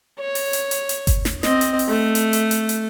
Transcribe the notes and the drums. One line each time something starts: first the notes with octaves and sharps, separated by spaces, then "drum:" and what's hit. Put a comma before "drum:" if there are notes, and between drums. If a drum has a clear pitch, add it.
C#5
drum: open hi-hat
drum: hi-hat
drum: hi-hat
drum: hi-hat
drum: kick G1, hi-hat
drum: snare
C4 D#5, drum: snare
drum: hi-hat
drum: open hi-hat
A3
drum: hi-hat
drum: hi-hat
drum: hi-hat
drum: hi-hat